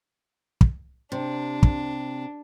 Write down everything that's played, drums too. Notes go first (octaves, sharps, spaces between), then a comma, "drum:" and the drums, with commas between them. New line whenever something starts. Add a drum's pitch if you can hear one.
drum: kick
C3 D4
drum: kick